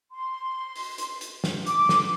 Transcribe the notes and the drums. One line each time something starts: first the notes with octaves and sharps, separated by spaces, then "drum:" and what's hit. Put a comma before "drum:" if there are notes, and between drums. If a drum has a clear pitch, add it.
C6
drum: open hi-hat
drum: hi-hat
drum: hi-hat
drum: snare
D6, drum: hi-hat
drum: snare